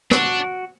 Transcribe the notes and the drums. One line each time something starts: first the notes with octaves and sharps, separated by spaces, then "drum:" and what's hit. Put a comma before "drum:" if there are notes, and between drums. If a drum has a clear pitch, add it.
D4 F#4, drum: rim click